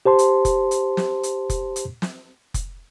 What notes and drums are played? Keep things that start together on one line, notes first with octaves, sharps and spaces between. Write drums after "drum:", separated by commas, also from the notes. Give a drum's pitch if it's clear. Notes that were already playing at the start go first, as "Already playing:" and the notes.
G4 C5 A5 C6
drum: hi-hat
drum: kick F1, hi-hat
drum: hi-hat
drum: snare
drum: hi-hat
drum: kick F1, hi-hat
drum: hi-hat
drum: snare
drum: kick F1, hi-hat